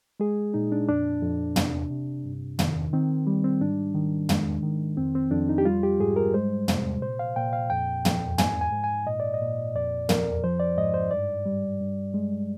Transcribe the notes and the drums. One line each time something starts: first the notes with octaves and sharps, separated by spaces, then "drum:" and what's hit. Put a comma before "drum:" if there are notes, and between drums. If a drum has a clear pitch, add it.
G#3 G#4
A#2 D#4
D4
F2 D4
F2
C3, drum: tom
C3
G2
D#3, drum: tom
D#3 C4
G3
C4
G#2 D4
D#3
G#3, drum: tom
D#3
F2 C4
C4
F2 D4
D#4
G4
G3 F4
G4
G#2 G#4
A#4
G#3 C5
C3, drum: tom
A#2 C5
F5
A#2 G5
F5
F2 G5
F2, drum: tom
G#2 G#5, drum: tom
G#5
G#2
G#5
A#2 D#5
D5
D#5
A#2
F2 D5
F2 A#4, drum: tom
F3 C5
D5
G#2 D#5
C5
G2 D5
G3
G2
G#3